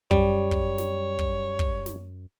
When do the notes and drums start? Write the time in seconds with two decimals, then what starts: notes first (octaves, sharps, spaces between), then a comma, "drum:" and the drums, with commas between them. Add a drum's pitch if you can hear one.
0.11 F#2 G3 C#5, drum: kick
0.51 drum: kick
0.78 drum: snare
1.19 drum: kick
1.59 drum: kick
1.86 drum: snare